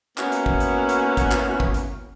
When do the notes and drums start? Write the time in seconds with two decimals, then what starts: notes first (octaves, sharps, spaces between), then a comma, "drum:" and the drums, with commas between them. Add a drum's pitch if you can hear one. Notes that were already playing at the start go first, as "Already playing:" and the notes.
0.18 A#3 B3 C#4 E4 F#4, drum: clap
0.32 drum: hi-hat
0.46 drum: kick
0.60 drum: hi-hat
0.89 drum: hi-hat
1.17 drum: kick, hi-hat
1.32 drum: clap
1.60 drum: kick
1.74 drum: hi-hat